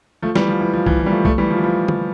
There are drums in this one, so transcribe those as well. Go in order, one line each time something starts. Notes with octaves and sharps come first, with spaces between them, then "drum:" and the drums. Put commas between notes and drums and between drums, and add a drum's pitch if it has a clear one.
F3 A3
E3 G3, drum: snare
F3
E3
F3
E3, drum: kick B1
F3
G3
F3 A3
F3 A3, drum: kick B1
E3 G3
F3
E3
F3
drum: tom